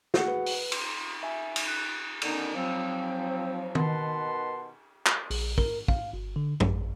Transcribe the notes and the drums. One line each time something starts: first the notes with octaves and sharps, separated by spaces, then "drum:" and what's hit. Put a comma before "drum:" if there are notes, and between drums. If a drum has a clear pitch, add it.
F#4 G#4 F#5, drum: snare
B4
drum: open hi-hat
C6, drum: cymbal
E5 G#5
drum: cymbal
F#6
D3 D#3 B3 C#4 D#4, drum: cymbal
F3 F#3 C4
B2 D#3 B4 F#5 A5 C6, drum: tom D#3
drum: clap
A#1, drum: open hi-hat
A#4, drum: kick
F5, drum: kick
G1
D3
A1, drum: tom F#2